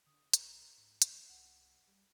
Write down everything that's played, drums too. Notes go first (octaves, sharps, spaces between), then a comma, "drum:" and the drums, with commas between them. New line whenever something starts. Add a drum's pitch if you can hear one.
D3 D#6
B1 B4 A#5 C#7, drum: hi-hat
G#2
F#2, drum: hi-hat
C2 F#5 F#7
G3